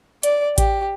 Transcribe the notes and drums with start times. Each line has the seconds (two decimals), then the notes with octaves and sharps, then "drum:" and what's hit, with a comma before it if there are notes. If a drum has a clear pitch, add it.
0.23 D5, drum: hi-hat
0.58 G4, drum: kick A1, hi-hat